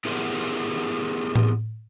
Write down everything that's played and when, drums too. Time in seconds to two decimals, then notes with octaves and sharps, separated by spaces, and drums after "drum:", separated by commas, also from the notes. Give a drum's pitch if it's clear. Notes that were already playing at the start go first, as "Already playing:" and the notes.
0.05 B3 E4 G4 G#4 A#4 C5
1.36 drum: tom A2